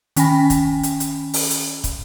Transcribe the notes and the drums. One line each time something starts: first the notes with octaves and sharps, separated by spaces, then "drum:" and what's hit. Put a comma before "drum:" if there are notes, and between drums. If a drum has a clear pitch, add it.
D#3 C#4 G5 G#5 B5 A#6, drum: hi-hat
drum: kick, hi-hat
drum: hi-hat
drum: hi-hat
drum: open hi-hat
drum: hi-hat
drum: kick, hi-hat